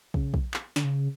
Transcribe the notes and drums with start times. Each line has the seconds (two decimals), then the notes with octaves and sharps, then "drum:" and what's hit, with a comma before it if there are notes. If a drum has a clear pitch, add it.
0.14 C#3, drum: kick
0.34 drum: kick
0.54 drum: clap
0.76 D3, drum: snare
0.84 C#3